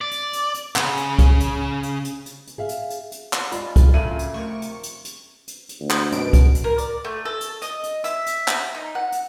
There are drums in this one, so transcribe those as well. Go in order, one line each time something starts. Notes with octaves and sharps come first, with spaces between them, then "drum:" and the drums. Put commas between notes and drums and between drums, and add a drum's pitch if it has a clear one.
D5
drum: hi-hat
drum: hi-hat
drum: hi-hat
C#3, drum: clap
drum: hi-hat
drum: kick C#2, hi-hat
drum: hi-hat
drum: hi-hat
drum: hi-hat
drum: hi-hat
drum: hi-hat
G#4 E5 F5
drum: hi-hat
drum: hi-hat
drum: hi-hat
drum: clap
G#3 F4 D5 B5, drum: hi-hat
drum: kick C#2, hi-hat
A#2 C#3 F#3 A4 E5 D#7
drum: hi-hat
F2 C3 A3 A#4 C#6
drum: hi-hat
drum: hi-hat
drum: hi-hat
drum: hi-hat
drum: hi-hat
D2
drum: clap
F#2 B2 D7, drum: hi-hat
drum: kick C#2, hi-hat
drum: hi-hat
A#4
D5, drum: hi-hat
A3
A4
drum: hi-hat
D#5, drum: hi-hat
drum: hi-hat
E5, drum: hi-hat
drum: hi-hat
drum: clap
D#4
F#5
drum: hi-hat